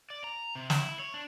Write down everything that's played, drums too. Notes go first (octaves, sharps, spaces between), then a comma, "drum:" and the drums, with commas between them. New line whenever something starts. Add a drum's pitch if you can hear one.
D5
A#5
C3
E4, drum: snare
E4
C#5
D4